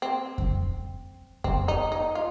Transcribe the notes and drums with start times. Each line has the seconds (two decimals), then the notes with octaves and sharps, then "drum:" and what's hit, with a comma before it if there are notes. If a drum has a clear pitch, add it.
0.02 C4
0.38 drum: kick F2
1.44 C4, drum: kick F2
1.68 D#4
1.92 D#4
2.15 F4